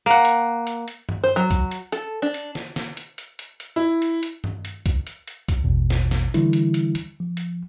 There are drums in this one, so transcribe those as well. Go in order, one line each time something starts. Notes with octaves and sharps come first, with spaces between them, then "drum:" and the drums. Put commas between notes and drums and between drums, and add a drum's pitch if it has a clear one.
A#3 F#5
drum: hi-hat
drum: hi-hat
drum: hi-hat
drum: tom G2
C5
F#3
drum: kick, hi-hat
drum: hi-hat
A4, drum: hi-hat
D4
drum: hi-hat
drum: snare
drum: snare
drum: hi-hat
drum: hi-hat
drum: hi-hat
drum: hi-hat
E4
drum: hi-hat
drum: hi-hat
drum: tom G2
drum: hi-hat
drum: kick, hi-hat
drum: hi-hat
drum: hi-hat
drum: kick, hi-hat
A1 E2 B2
drum: snare
drum: snare
D3 E3 G3 E4, drum: hi-hat
drum: hi-hat
drum: hi-hat
drum: hi-hat
F3
drum: hi-hat